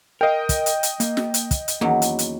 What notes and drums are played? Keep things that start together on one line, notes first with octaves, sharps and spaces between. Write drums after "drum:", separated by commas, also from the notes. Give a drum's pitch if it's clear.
A#4 D#5 F5 G5
drum: kick, hi-hat
drum: hi-hat
drum: hi-hat
A#3, drum: hi-hat
drum: snare
drum: hi-hat
drum: kick, hi-hat
drum: hi-hat
E2 D#3 F#3 A#3 C#4
drum: hi-hat
drum: hi-hat